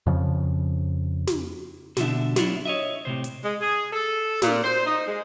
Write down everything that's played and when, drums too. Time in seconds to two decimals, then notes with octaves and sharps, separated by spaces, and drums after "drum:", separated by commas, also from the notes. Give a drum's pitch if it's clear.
0.06 F2 C#3 F3
1.27 drum: snare
1.97 B2 D3 F3 D4 E5, drum: snare
2.36 F#3 B3 D4 E4 F4, drum: snare
2.65 C#5 D#5 E5
3.05 A2 C3 C5
3.24 drum: hi-hat
3.43 G#3
3.60 G#4
3.93 A4
4.42 A#2, drum: snare
4.62 C5
4.86 D#4
5.07 G#3